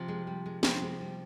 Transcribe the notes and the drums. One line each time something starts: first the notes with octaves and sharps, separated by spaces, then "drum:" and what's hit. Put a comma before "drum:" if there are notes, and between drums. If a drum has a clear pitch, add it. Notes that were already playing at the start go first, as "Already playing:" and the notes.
Already playing: C3 F3
G#3
G3
G#3
C3 F3 G#3 C4, drum: snare
G#3
G3